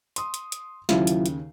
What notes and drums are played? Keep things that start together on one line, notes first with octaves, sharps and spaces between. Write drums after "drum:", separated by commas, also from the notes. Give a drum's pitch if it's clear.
C6 D#6, drum: hi-hat
drum: hi-hat
drum: hi-hat
D#2 C#3 F#3 E4 F4, drum: snare
drum: hi-hat
drum: hi-hat